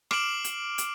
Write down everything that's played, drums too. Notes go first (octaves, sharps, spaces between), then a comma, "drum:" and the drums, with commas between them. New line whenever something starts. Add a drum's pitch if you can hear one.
D6 F6 C7 D7 E7 F#7, drum: rim click
drum: hi-hat
drum: hi-hat